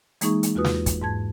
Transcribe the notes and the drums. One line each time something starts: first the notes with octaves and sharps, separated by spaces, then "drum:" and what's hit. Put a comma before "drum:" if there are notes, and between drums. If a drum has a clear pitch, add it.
E3 G#3 A#3 D#4 G#4 C#6, drum: hi-hat
drum: hi-hat
E2 F4 F#4 B4 D#6
drum: snare
drum: kick, hi-hat
G#2 A5 G#6